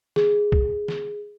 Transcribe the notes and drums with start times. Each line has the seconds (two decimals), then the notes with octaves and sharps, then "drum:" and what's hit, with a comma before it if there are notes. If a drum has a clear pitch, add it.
0.16 G#4, drum: snare
0.52 drum: kick
0.88 drum: snare